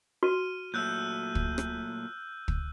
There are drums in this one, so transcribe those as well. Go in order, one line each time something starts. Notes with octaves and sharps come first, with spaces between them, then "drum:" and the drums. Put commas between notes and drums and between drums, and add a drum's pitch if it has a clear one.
F#4 F6 D#7
A#2 F#3 A3 E6 F#6 G6
drum: kick
drum: rim click
drum: kick